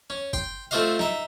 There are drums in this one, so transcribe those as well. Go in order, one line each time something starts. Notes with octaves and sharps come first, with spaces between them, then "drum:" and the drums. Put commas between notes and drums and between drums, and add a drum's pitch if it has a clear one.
C#4
G5 C6, drum: kick
A3 C4 F4 F#4 D#5 F5
D#4 E5, drum: snare